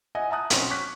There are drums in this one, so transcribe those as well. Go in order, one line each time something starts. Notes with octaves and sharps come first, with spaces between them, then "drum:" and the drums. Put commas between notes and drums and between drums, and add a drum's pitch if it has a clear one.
D#5 E5 F#5 G#5
E5 A5 A#5 D#6 F#6
B1 B2 C4 C#4 F#5 C6, drum: hi-hat
C#6 D6 F6 F#6 B6